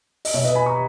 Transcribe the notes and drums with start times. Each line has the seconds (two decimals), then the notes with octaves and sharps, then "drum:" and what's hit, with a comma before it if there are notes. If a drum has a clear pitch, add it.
0.25 D#5, drum: open hi-hat
0.34 B2 C#5 E5
0.44 B4 D#5
0.55 G#5 B5
0.66 A#5 C#6